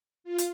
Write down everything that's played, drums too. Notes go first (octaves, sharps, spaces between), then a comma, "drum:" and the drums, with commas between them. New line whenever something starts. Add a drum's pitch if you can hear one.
F4
drum: hi-hat